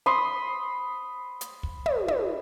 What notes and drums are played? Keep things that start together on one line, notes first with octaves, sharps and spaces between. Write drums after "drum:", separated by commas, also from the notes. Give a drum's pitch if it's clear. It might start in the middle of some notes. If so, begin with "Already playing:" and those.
B5 C6 D#6
drum: hi-hat
drum: kick
drum: tom
drum: tom